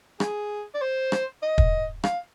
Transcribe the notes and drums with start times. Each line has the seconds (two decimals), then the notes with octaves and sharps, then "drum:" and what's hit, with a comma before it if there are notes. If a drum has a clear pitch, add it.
0.20 G#4, drum: rim click
0.74 D5
0.82 C5
1.12 drum: rim click
1.42 D#5
1.58 drum: kick
2.04 F5, drum: rim click